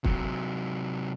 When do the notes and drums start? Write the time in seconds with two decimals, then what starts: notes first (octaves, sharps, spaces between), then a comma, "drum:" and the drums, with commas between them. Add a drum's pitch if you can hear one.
0.04 C3 F#3, drum: kick